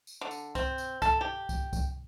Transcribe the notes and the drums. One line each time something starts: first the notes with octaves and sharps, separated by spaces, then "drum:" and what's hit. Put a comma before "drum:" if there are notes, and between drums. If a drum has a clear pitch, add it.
drum: tambourine
D3
drum: tambourine
C4, drum: kick C2, tambourine
drum: tambourine
A4, drum: kick C2, tambourine
G4
drum: kick C2, tambourine
drum: kick C2, tambourine